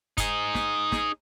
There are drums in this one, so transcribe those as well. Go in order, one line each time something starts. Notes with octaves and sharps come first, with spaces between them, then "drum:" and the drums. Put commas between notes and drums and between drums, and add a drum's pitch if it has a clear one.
D#4 G#4, drum: kick, hi-hat
drum: snare
drum: snare